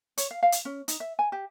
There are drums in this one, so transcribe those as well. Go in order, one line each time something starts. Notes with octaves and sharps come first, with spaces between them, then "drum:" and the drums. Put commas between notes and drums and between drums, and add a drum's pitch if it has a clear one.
C#5, drum: hi-hat
F5
F5
drum: hi-hat
C#4
D#4, drum: hi-hat
E5
G#5
G4